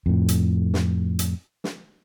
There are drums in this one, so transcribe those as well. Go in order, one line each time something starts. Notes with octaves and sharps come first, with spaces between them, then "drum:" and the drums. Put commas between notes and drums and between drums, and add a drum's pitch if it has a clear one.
F2 A2
drum: hi-hat
drum: snare
drum: hi-hat
drum: snare